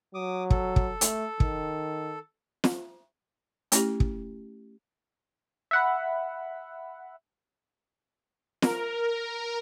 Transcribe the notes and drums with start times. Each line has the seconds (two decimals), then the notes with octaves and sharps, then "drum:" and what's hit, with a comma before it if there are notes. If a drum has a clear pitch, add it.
0.14 F#3 D6 D#6
0.50 A4, drum: kick
0.76 drum: kick
1.01 A3, drum: hi-hat
1.40 D#3, drum: kick
2.64 drum: snare
3.72 A3 C#4 E4 G4, drum: hi-hat
4.00 drum: kick
5.71 E5 F#5 B5
8.62 A#4, drum: snare